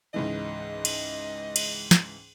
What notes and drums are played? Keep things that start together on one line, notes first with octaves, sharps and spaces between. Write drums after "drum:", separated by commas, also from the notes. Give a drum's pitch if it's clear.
C#2 G#2 E3 D#5
drum: cymbal
drum: cymbal
drum: snare